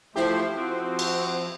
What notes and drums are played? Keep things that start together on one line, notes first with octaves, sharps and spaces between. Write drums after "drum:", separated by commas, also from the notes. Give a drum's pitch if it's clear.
F3 A3 E4 G4 C5
F3 C4 F#4
drum: cymbal